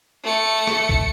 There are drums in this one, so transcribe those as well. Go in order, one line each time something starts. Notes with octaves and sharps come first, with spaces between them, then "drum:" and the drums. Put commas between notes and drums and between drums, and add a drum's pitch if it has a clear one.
A3 C#7
drum: rim click
drum: kick